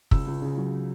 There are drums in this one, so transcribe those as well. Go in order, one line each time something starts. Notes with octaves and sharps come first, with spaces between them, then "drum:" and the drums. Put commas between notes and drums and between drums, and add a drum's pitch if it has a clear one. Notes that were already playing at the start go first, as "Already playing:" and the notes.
C#2 E6, drum: kick
C#2
C#3
F#3